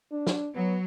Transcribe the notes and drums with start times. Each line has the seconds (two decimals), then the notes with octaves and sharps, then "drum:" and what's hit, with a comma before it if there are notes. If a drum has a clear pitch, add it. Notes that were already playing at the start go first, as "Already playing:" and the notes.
0.12 D4
0.27 drum: snare
0.55 F#3 B3